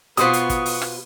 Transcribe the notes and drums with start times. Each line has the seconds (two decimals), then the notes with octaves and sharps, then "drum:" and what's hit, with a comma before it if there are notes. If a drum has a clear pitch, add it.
0.17 B2 B3 F4 B4 C5 F#5 C#6 D#6, drum: hi-hat
0.33 drum: hi-hat
0.49 drum: kick, hi-hat
0.66 drum: open hi-hat
0.82 drum: rim click